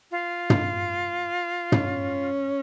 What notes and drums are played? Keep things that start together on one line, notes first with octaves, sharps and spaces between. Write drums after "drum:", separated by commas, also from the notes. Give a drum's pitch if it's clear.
F4
drum: tom
C#4, drum: tom